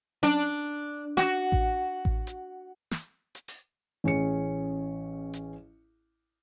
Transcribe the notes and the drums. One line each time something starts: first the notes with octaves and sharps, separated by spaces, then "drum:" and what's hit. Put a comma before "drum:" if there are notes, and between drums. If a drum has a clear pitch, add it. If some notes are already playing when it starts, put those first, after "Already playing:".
D4, drum: tom C#4
F#4, drum: snare
drum: kick A1
drum: kick A1
drum: hi-hat
drum: snare
drum: hi-hat
drum: open hi-hat
A1 C#4 G#4 C#7
drum: hi-hat